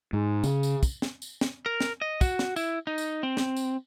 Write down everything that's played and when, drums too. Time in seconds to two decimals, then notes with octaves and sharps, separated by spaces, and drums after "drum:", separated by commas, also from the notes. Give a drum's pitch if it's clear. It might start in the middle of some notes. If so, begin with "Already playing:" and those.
0.13 G#2
0.44 C#3, drum: tambourine
0.63 drum: tambourine
0.83 drum: kick, tambourine
1.02 drum: snare
1.22 drum: tambourine
1.41 drum: snare
1.66 A#4
1.81 drum: snare
2.02 D#5
2.21 F#4, drum: kick, tambourine
2.39 drum: snare
2.56 E4, drum: tambourine
2.87 D#4
2.98 drum: tambourine
3.23 C4
3.37 drum: snare
3.57 drum: tambourine